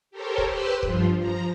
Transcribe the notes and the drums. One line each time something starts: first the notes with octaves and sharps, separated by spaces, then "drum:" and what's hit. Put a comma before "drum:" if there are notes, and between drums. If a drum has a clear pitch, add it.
G4 A4 A#4 C5 C#5
drum: kick C#1
G4 B4 C5 C6 E6 F#6
G2 F3 F4, drum: kick C#1
F3 A#5